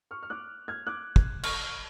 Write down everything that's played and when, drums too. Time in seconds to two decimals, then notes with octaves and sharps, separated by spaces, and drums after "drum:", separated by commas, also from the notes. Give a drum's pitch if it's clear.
0.11 C#6 F6
0.23 F6
0.30 D6 F#6
0.68 F6 G#6
0.87 D6 F#6
1.16 drum: kick
1.43 C#6 F6, drum: cymbal